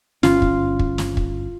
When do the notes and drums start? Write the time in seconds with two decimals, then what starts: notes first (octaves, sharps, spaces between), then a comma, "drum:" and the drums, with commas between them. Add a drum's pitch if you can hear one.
0.23 G1 C#4 F4, drum: snare
0.42 drum: kick
0.79 drum: kick
0.98 drum: snare
1.17 drum: kick